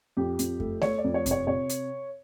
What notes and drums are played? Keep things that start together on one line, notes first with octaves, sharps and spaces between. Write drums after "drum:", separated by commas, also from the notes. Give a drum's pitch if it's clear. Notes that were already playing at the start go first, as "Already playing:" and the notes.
F2 G4
F2, drum: hi-hat
A3, drum: kick F#2
A3 C#5, drum: snare A3
D5
F2
C#5
C3, drum: kick F#2, hi-hat
C#5
C3 C#5
drum: hi-hat